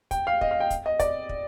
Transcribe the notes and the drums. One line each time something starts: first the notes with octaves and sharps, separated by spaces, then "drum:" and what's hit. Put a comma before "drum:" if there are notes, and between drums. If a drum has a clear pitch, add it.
G5, drum: kick, hi-hat
F5
D#5, drum: kick
F5
G5
drum: kick, hi-hat
D#5
D5, drum: kick, hi-hat
drum: kick